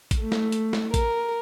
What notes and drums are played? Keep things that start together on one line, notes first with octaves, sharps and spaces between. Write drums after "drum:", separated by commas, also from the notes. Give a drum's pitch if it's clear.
drum: kick A1, hi-hat
A3
drum: snare
drum: hi-hat
drum: snare
A#4, drum: kick A1, hi-hat